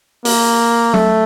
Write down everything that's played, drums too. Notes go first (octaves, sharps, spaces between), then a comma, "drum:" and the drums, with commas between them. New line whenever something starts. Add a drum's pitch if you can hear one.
A#3, drum: open hi-hat
A3, drum: tom F#3